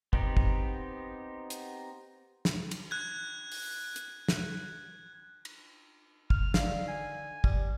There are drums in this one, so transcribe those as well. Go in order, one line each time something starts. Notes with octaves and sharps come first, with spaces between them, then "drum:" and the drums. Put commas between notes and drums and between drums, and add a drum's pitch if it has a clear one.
B3 C4 D#4 G4, drum: kick
drum: kick
drum: hi-hat
drum: snare
drum: cymbal
F#6 G#6
drum: open hi-hat
drum: hi-hat
drum: snare
drum: cymbal
F6, drum: kick
D3 D#3 F5, drum: snare
G#5
G3, drum: kick